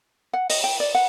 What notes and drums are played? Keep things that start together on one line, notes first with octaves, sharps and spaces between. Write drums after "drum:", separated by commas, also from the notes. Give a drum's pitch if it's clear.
F#5
D#5, drum: open hi-hat
G5
D5
F#5